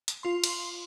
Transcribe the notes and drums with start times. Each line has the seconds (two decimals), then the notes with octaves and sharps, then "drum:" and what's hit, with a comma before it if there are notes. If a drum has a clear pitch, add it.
0.08 drum: hi-hat
0.23 F4 C6
0.44 drum: cymbal